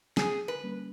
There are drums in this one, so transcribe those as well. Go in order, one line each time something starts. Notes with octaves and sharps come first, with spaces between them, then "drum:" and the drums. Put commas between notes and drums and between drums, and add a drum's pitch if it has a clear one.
D3 G#4, drum: snare
B4
G3 A#3 C#4